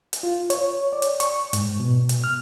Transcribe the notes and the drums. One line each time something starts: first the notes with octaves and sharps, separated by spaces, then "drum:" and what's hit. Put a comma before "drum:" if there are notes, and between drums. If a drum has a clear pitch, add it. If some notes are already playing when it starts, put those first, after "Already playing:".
drum: hi-hat
F4
C#5, drum: hi-hat
D5
drum: hi-hat
C#6, drum: hi-hat
G#2, drum: hi-hat
B2
drum: hi-hat
F6